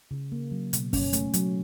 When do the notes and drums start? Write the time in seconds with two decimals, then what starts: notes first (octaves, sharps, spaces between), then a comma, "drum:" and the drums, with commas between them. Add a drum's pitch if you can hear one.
0.11 C#3
0.32 A#3
0.52 F#3
0.73 B2, drum: hi-hat
0.93 C#4, drum: kick F#2, open hi-hat
1.13 A3, drum: hi-hat
1.34 F#3, drum: hi-hat